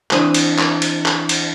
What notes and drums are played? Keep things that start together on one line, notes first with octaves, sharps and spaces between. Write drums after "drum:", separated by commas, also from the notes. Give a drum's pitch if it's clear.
E3 C4 D4 D#6, drum: clap
drum: cymbal
drum: clap
drum: cymbal
drum: clap
drum: cymbal